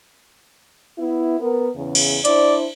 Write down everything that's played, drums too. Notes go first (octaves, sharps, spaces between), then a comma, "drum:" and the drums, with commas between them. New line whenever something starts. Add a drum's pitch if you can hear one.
B3 E4
B3 A#4
E2 C#3
drum: cymbal
D4 E4 C5 D5, drum: hi-hat